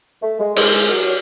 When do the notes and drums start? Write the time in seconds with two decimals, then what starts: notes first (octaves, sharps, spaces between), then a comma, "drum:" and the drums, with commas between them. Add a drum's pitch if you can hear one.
0.22 A3
0.40 G#3
0.56 G#3, drum: cymbal
0.74 G#3
0.91 F#3